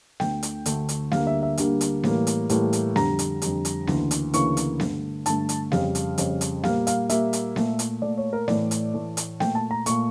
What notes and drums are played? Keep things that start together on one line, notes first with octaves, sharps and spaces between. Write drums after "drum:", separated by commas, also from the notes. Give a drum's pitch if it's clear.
D2 D3 A3 G5, drum: snare B3
drum: hi-hat
D2 D3 A3, drum: hi-hat
drum: hi-hat
D2 D3 G3 A#3 F5, drum: snare B3
E5
E5
D2 D3 G3 A#3, drum: hi-hat
drum: hi-hat
A2 E3 G3 A#3, drum: snare B3
drum: hi-hat
A2 E3 G3 A#3, drum: hi-hat
drum: hi-hat
F2 D3 G3 A#5, drum: snare B3
drum: hi-hat
F2 D3 G3, drum: hi-hat
drum: hi-hat
D2 C#3 E3 A#3, drum: snare B3
drum: hi-hat
D2 C#3 E3 A#3 C#6, drum: hi-hat
drum: hi-hat
G2 D3 A3, drum: snare B3
G2 D3 A3 A5, drum: hi-hat
drum: hi-hat
F2 C#3 G3 F5, drum: snare B3
drum: hi-hat
F2 C#3 G3, drum: hi-hat
drum: hi-hat
A#2 G3 A#3 F5, drum: snare B3
F5, drum: hi-hat
A#2 G3 A#3 E5, drum: hi-hat
drum: hi-hat
A#2 A3, drum: snare B3
drum: hi-hat
A#2 A3 D5
C#5
A#4
A2 E3 A3 D5, drum: snare B3
drum: hi-hat
A2 E3 A3
drum: hi-hat
A#2 A3 G5, drum: snare B3
A5
A#5
A#2 A3 C#6, drum: hi-hat